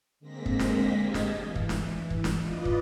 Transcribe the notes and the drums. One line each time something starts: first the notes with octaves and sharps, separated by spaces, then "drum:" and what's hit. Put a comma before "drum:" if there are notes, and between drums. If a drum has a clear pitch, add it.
D3 G#3 A#3 C4 A#6 B6
drum: kick
drum: snare
G4 G#4 D#5 F5 G#5 A5
drum: snare
E3
drum: kick
drum: snare
drum: kick
drum: snare
F4 B4 D5 D#5
drum: kick